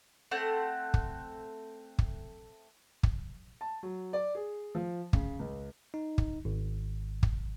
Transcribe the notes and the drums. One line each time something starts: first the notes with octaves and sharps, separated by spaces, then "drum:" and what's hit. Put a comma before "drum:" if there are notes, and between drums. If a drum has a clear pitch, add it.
A3 C4 C5 F#5
drum: kick
drum: kick
drum: kick
A5
F#3
D5
G#4
F3
C#3, drum: kick
C#2
D#4
drum: kick
G#1
drum: kick